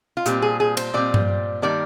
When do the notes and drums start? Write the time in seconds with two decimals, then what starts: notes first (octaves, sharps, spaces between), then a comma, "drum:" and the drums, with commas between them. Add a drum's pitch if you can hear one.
0.17 F4
0.26 A#2 G3 C4 G4, drum: hi-hat
0.42 G#4
0.60 G#4
0.77 C5, drum: cymbal
0.94 A#2 G3 C4 D5
1.14 drum: tom G2
1.62 D#3 G3 A#3 D5